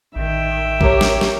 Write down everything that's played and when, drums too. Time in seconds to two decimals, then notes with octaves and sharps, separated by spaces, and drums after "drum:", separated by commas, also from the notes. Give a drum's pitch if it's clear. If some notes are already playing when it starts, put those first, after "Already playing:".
0.16 A1 D#3 E5 G5
0.81 G4 A#4 C#5, drum: kick B1
1.01 drum: snare
1.21 drum: snare